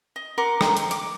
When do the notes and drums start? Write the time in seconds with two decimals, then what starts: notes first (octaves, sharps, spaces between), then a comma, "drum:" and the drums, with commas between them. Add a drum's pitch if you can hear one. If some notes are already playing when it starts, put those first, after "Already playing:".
0.16 D#5
0.38 A#4 F#5 C6 D6
0.61 G5 A#5 C6, drum: rim click
0.77 drum: hi-hat
0.91 D6, drum: hi-hat